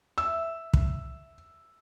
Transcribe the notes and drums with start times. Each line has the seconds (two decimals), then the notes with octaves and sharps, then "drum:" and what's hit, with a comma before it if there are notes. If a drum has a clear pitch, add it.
0.18 E5 E6
0.74 drum: kick